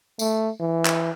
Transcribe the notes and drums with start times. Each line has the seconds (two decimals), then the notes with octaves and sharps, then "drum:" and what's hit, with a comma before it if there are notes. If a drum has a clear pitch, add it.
0.19 A3, drum: tambourine
0.60 E3
0.85 drum: clap